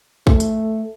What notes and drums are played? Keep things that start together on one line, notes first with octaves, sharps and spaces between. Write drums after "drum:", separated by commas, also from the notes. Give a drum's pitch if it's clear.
A3, drum: kick
drum: hi-hat